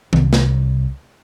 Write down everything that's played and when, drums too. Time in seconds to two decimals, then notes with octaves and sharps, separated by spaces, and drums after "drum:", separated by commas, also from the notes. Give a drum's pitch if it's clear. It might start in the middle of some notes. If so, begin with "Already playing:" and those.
0.13 C2, drum: tom D#3
0.33 drum: snare